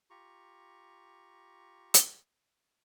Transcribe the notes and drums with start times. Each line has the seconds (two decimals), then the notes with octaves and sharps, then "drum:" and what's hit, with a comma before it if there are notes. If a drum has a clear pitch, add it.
0.10 F4 G4 A#5 C#6
1.94 drum: hi-hat